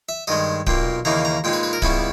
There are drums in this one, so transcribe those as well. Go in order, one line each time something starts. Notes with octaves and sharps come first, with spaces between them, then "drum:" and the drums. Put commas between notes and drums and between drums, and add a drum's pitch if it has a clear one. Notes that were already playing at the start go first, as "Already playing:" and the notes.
E5
G2 D#3 G#3 D#5
B1 A#2 A#3 G5, drum: kick D1
D#2 C#3 E3 A#3 D#4 A#5
A#5
A#2 G#3 D#4 G5
B4
B4
A#4
C#2 C#3 G3 B3 E4 B4, drum: kick D1